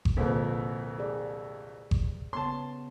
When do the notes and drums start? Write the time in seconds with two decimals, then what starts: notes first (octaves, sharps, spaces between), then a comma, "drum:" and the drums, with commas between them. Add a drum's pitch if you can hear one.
0.05 drum: kick G1
0.17 C2 F2 A#2 D3 A#3 A4 B4 C5
0.98 G4 G#4 D5
1.91 drum: kick G1
2.33 C#3 B3 C#5 A5 C6